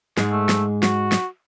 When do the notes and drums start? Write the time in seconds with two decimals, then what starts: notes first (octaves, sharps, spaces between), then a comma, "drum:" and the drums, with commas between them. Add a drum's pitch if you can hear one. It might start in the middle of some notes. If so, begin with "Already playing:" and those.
0.17 G#2 G#3, drum: snare
0.32 A3
0.49 drum: snare
0.83 F#4, drum: snare
1.12 drum: snare